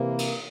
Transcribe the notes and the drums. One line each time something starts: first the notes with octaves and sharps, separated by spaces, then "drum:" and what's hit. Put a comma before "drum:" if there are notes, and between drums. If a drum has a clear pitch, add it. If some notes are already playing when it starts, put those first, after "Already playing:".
Already playing: C3 E3 A#3
drum: cymbal